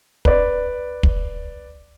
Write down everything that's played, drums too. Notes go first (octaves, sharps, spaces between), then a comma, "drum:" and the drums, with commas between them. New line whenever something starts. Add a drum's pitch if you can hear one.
B4 D5, drum: kick
drum: kick